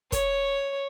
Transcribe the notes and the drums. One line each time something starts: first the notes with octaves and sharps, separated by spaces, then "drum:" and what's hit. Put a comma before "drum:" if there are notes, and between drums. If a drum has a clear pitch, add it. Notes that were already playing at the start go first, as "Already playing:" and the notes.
C#5, drum: kick, hi-hat